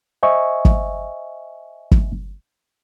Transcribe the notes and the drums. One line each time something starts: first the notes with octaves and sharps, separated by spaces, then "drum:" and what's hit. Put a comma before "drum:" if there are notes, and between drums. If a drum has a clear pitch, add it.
C5 D#5 E5 G#5 C#6
drum: kick
drum: kick